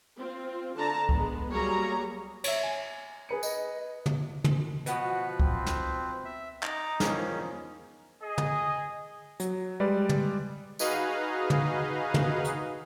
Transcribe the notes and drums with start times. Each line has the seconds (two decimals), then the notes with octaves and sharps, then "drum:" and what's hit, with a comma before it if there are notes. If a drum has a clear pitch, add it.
0.17 C4 F4
0.76 D3 A5 A#5
1.09 G#3 B3, drum: kick C#2
1.50 F#3 G3 A#3 G#4 C#5 A#5
2.44 C#5 E5, drum: cymbal
2.63 G#5
3.29 G#4 B4 C#7
3.43 D#5, drum: tambourine
4.06 drum: tom
4.44 drum: tom
4.86 B2 F3 B3 F#4 B4, drum: hi-hat
5.40 C4, drum: kick C#2
5.66 drum: snare
6.25 E5
6.63 D#4 A#5 D6, drum: clap
7.00 E2 G#2 D#3 F3 C#4, drum: snare
8.23 G#4 D#5
8.38 drum: tom
9.40 F#3, drum: hi-hat
9.80 G3 G#3 B4 D5
10.09 drum: tom
10.79 D#4 F#4 G#4 B4 D#5 F5, drum: tambourine
11.50 drum: tom
12.14 drum: tom
12.44 drum: hi-hat